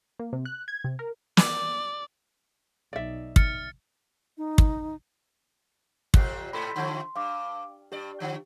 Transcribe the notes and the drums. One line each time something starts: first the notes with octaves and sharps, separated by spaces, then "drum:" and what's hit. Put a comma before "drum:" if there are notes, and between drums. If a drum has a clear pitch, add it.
A#3
C3
F#6
G#6
C3
A#4
D5, drum: snare
B1 D#4 D5 E5
F6 A6 C#7, drum: kick
D#4
drum: kick
F2 A#2 G4 F#6 C7, drum: kick
G#2 C3 A4 B5 C6 B6
D3 F3 A3 C6
G2 F5 D6
G2 G4 D5
D3 F3